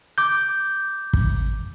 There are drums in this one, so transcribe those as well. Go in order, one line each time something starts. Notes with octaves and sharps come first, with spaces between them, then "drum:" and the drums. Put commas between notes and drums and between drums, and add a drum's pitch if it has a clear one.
D6 G6
drum: kick